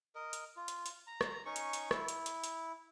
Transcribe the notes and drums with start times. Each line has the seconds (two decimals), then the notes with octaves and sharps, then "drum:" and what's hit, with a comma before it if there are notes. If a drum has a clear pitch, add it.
0.15 A#4 D#5
0.33 drum: hi-hat
0.56 F4
0.68 drum: hi-hat
0.86 drum: hi-hat
1.07 A#5
1.21 drum: rim click
1.45 C#4 D#4 C#6
1.56 drum: hi-hat
1.73 drum: hi-hat
1.91 E4, drum: rim click
2.08 drum: hi-hat
2.26 drum: hi-hat
2.44 drum: hi-hat